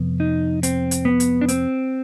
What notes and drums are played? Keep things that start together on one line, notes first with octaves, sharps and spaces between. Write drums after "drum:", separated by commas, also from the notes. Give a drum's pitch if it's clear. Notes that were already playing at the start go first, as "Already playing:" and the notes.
Already playing: F2 C3 B3
D#4
C4, drum: hi-hat
drum: hi-hat
B3
drum: hi-hat
D4
C4, drum: hi-hat